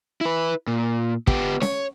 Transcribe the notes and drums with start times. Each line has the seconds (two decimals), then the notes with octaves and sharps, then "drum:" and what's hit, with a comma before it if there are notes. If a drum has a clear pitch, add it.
0.21 E4 B4
0.67 A#2
1.27 B3 G4, drum: kick
1.61 C#5, drum: snare C#4